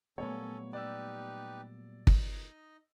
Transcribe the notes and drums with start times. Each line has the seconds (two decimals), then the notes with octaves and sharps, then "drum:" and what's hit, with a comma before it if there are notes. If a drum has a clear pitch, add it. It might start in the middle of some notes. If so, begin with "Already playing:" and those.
0.18 A#2 F#3 G3 A3 B3 C#4 A4 C#5
0.73 D#4 G4 B4 D5 E6
2.07 D#4 D#5, drum: kick